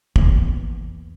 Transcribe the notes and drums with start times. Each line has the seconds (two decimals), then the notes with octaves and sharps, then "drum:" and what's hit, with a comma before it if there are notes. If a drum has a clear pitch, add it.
0.16 E2 E3 A#3 B3, drum: kick